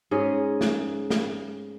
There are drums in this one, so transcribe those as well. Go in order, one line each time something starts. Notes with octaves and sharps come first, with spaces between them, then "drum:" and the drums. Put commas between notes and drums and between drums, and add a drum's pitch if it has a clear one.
G#2 C#4 G#4 D#5
drum: snare
drum: snare